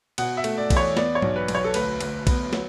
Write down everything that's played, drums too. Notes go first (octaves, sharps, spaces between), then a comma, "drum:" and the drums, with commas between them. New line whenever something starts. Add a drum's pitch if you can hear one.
B2 F#5, drum: cymbal
E5
A3, drum: cymbal
D5
E2, drum: kick B1, cymbal
C#5
B3 D5, drum: snare
C#5
B1, drum: tom G#2
B4
B1, drum: cymbal
C#5
A4
D2 B4, drum: cymbal
D2, drum: cymbal
B3, drum: kick B1, cymbal
F#3, drum: snare